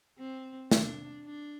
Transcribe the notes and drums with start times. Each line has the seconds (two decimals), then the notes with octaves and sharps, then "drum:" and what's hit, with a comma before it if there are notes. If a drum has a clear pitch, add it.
0.18 C4
0.71 D4, drum: snare
1.25 D4